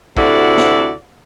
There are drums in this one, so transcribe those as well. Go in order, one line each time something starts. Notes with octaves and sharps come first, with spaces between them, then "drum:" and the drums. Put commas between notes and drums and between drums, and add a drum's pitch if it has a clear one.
D2 C3 E4 F#4 A4 D5, drum: kick
drum: snare